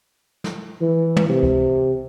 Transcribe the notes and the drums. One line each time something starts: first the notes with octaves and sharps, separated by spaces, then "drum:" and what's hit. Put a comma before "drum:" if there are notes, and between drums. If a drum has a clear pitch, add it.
drum: snare
E3
drum: tom
C3
drum: kick C#2